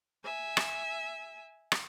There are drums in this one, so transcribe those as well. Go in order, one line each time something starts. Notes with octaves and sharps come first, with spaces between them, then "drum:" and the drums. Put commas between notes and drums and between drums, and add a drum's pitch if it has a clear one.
E5 G#5
drum: rim click
drum: rim click